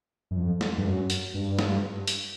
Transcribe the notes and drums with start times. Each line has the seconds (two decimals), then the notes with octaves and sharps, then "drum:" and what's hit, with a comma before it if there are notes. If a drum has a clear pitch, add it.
0.31 F#2
0.36 F2
0.61 drum: snare
0.78 G2
0.85 F#2
1.10 drum: hi-hat
1.34 G2
1.59 drum: snare
2.07 drum: hi-hat